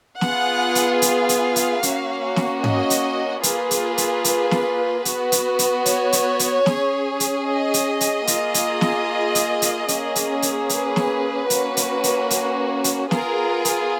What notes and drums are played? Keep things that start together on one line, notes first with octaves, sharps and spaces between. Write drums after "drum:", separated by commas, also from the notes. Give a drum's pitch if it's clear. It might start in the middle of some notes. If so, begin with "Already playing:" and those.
B3 F4 G#4 F#5, drum: snare
drum: hi-hat
F5, drum: hi-hat
drum: hi-hat
drum: hi-hat
A#3 C#4 F#4, drum: hi-hat
drum: snare
D#5, drum: tom G#2
drum: hi-hat
A#3 F4 G#4 B4, drum: hi-hat
drum: hi-hat
drum: hi-hat
drum: hi-hat
drum: snare
B3 F#4, drum: hi-hat
drum: hi-hat
drum: hi-hat
C#5, drum: hi-hat
drum: hi-hat
drum: hi-hat
C#4 G#4, drum: snare
drum: hi-hat
D#5
drum: hi-hat
drum: hi-hat
A#3 F4 G#4, drum: hi-hat
drum: hi-hat
drum: snare
drum: hi-hat
drum: hi-hat
A#3 C#4 G#4, drum: hi-hat
drum: hi-hat
drum: hi-hat
B4, drum: hi-hat
drum: snare
A#3 C#4 F#4, drum: hi-hat
drum: hi-hat
drum: hi-hat
drum: hi-hat
drum: hi-hat
B3 F4 G#4 A#4, drum: snare
drum: hi-hat